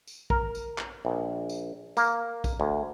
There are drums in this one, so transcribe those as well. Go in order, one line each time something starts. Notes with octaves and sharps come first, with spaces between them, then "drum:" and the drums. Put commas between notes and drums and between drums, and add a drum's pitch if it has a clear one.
drum: tambourine
A#4, drum: kick
drum: tambourine
drum: clap
A#1
drum: tambourine
A#3, drum: tambourine
drum: kick, tambourine
D2